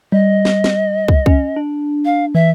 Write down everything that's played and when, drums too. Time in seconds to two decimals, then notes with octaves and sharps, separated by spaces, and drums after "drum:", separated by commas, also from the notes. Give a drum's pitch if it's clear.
0.12 G3 D#5
0.45 drum: snare
0.64 drum: snare
1.08 drum: kick
1.26 C#4, drum: kick
1.56 D4
2.05 F5
2.35 E3 E5